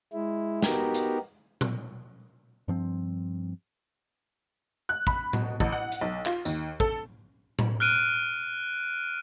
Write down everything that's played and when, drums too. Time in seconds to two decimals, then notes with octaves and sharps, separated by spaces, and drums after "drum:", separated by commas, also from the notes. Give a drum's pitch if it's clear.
0.13 G#3 E4
0.62 B3 D#4 F#4 G4 A#4, drum: snare
0.94 drum: hi-hat
1.61 drum: tom A#2
2.68 G2 F3 C4
4.89 F#6
5.07 B5, drum: kick
5.33 B2, drum: tom A2
5.60 A1, drum: kick
5.72 F#5
5.92 drum: hi-hat
6.01 B1
6.26 F4, drum: clap
6.45 D#2, drum: tambourine
6.80 A4, drum: kick
7.59 drum: tom A2
7.80 F6 F#6 D7 D#7